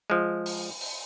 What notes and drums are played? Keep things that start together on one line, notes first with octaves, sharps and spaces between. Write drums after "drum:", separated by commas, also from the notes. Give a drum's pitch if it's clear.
F3 G#3
drum: open hi-hat
drum: open hi-hat